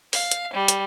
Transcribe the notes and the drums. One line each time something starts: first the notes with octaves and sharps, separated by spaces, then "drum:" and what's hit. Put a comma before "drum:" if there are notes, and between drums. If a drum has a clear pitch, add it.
F5, drum: open hi-hat
drum: hi-hat
G3
drum: hi-hat